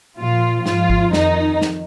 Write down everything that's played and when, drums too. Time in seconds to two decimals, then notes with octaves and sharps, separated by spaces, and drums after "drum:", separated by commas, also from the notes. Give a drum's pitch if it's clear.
0.18 A#2 F3 F4
0.66 G#2 F3 F4, drum: snare
0.90 drum: kick G#1
1.13 F2 D#3 D#4, drum: snare
1.62 drum: snare